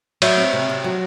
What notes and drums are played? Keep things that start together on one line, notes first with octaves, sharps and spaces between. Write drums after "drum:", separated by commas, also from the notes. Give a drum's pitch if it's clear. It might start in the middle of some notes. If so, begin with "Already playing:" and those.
F#3 C#5 E5, drum: cymbal
C4
C3
C3
F#3